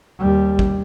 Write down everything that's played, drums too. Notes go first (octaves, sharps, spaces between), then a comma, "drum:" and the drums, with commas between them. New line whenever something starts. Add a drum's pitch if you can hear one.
D#2 G3
drum: kick